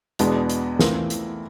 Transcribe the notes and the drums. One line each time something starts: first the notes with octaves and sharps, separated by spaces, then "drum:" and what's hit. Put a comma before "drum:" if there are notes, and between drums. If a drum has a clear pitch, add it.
E2 B2 G#3 B3 D4, drum: hi-hat
drum: hi-hat
E3 A3 C4 F4 A#4, drum: snare
drum: hi-hat